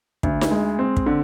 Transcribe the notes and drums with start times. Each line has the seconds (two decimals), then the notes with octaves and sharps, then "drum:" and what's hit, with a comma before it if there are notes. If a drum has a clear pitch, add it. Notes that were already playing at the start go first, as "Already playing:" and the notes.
0.23 D2, drum: kick
0.41 drum: snare D#4
0.51 G#3
0.79 C4
0.97 drum: kick
1.06 D3